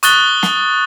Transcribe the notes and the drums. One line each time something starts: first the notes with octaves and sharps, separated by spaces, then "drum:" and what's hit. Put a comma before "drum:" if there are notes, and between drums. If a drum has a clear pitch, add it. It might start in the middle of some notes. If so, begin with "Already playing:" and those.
C#6 D#6 F#6 A6 G7, drum: hi-hat
drum: snare